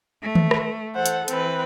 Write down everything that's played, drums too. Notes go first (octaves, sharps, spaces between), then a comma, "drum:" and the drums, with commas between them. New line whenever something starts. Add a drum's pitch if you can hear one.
A3
drum: tom D#3
drum: rim click
E3 A4 C5 F#5
drum: hi-hat
E3 C4 B4, drum: hi-hat